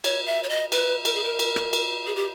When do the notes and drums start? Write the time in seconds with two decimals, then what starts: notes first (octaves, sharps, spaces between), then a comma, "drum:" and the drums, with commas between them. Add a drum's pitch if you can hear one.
0.04 C#5, drum: cymbal
0.26 E5
0.43 C#5
0.49 D#5
0.72 B4, drum: cymbal
1.05 A#4, drum: cymbal
1.15 G#4
1.24 A#4
1.39 drum: cymbal
1.56 drum: rim click
1.73 drum: cymbal
2.07 G#4
2.16 G4